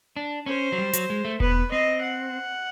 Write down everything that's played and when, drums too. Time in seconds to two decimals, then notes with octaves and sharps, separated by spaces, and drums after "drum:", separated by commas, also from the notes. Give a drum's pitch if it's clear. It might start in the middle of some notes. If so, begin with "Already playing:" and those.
0.16 D4
0.46 C#4 C5
0.72 F#3
0.78 G3
0.93 F#3, drum: hi-hat
1.10 G#3
1.25 A3
1.40 B3 B4, drum: kick E1
1.71 C4 D#5
2.02 F#5